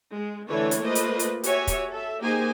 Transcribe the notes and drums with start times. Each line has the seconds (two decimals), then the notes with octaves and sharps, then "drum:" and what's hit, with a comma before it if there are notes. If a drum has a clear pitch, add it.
0.12 G#3
0.49 D3 E3 A3 B4 C#5
0.71 drum: hi-hat
0.85 A3 A#3 F4 B4 C5 D#5
0.95 drum: hi-hat
1.19 drum: hi-hat
1.44 F#4 G4 C#5 E5 G#5, drum: hi-hat
1.67 drum: kick, hi-hat
1.91 A4 E5
2.22 A#3 D#4 G4 G#4 C5 G#5